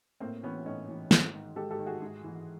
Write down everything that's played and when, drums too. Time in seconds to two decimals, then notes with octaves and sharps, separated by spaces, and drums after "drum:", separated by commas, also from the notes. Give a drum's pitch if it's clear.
0.20 A2 A#3 C4
0.43 E3 B3 C#4
0.66 A2 C#4 D#4
0.88 E3
1.11 G#2, drum: snare
1.34 D#3
1.56 G#2 G4 A4
1.71 G4 A4
1.79 D#3
1.86 F#4 G#4
2.02 G#2
2.24 E3